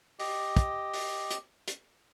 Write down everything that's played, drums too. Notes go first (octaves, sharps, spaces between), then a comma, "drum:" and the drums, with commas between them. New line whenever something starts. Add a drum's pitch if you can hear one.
G4 D#5, drum: open hi-hat
drum: kick, hi-hat
drum: open hi-hat
drum: hi-hat
drum: hi-hat